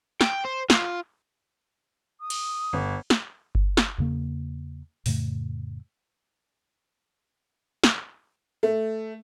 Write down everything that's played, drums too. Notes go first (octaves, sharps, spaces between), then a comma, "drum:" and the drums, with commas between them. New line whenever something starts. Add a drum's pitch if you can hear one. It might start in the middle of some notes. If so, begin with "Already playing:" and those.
G5, drum: snare
C5
F4, drum: snare
D#6
drum: cymbal
G1
drum: snare
drum: kick G1
drum: snare
E2 C#3 A#3
F2 A2 C#3 A3, drum: open hi-hat
drum: snare
A3